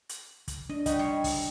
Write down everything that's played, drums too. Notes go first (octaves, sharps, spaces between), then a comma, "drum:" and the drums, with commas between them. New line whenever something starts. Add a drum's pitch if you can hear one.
drum: hi-hat
drum: kick, hi-hat
D4 D#5
G3 D#4 F#4 D#5, drum: kick, hi-hat
G3 C#5 C6
drum: kick, open hi-hat